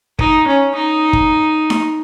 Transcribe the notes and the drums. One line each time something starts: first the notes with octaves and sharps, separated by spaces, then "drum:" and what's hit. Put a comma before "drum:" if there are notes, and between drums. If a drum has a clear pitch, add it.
D#4, drum: kick
C#4
D#4
drum: kick
drum: snare D#4